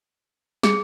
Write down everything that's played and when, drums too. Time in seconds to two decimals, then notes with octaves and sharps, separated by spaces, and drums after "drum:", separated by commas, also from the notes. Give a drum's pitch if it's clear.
0.63 G#4, drum: snare